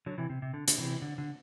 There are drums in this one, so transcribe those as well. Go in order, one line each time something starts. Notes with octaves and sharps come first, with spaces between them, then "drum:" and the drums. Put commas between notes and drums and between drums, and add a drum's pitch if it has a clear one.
D3 F#3
C3 E3
C3
C3
D3
D3, drum: hi-hat
C3 E3
D3
D3